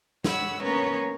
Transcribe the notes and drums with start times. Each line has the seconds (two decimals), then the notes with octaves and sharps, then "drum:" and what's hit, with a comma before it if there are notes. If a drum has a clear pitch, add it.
0.24 C#5 F#5 B5 E6, drum: snare
0.61 A#3 B3 C#4 A#4 C#5